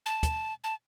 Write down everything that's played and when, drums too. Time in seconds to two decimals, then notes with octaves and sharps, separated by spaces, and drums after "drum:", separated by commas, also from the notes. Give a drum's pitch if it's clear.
0.06 A5
0.23 drum: kick, hi-hat
0.64 A5